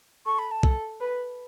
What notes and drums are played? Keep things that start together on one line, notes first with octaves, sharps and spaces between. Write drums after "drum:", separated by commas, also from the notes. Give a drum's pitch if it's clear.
A4 C#6
B5
A5
A4, drum: kick C2
B4